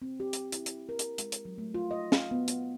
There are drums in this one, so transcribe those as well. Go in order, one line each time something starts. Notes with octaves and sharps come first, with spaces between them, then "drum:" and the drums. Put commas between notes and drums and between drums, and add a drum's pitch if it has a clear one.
C4
G4
drum: hi-hat
E4, drum: hi-hat
drum: hi-hat
A#4
drum: hi-hat
G#3, drum: hi-hat
drum: hi-hat
F#3
A3
F4
D#5
F5, drum: snare
B3
drum: hi-hat